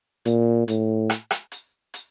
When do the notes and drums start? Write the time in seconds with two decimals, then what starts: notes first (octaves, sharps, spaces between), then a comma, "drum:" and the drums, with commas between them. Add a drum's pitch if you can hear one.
0.25 A#2, drum: hi-hat
0.68 A2, drum: hi-hat
1.09 drum: rim click
1.31 drum: rim click
1.52 drum: hi-hat
1.94 drum: hi-hat